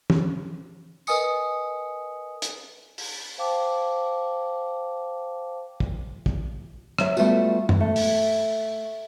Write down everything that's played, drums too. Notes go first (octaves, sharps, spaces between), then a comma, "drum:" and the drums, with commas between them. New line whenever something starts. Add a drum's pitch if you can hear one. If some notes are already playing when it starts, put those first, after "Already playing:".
drum: tom
A#4 B4 D#5 G#5 D#6 C#7, drum: tambourine
drum: hi-hat
drum: open hi-hat
C5 F5 G5 A5 D6
drum: kick
drum: kick
F#3 E5, drum: rim click
G3 A3 B3 F4 F#4, drum: tambourine
drum: tom
A3
drum: open hi-hat